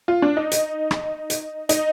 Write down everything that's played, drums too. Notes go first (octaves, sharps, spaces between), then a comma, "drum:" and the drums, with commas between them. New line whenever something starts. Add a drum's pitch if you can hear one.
F4
D4
D#4
drum: hi-hat
drum: rim click
drum: hi-hat
D#4, drum: hi-hat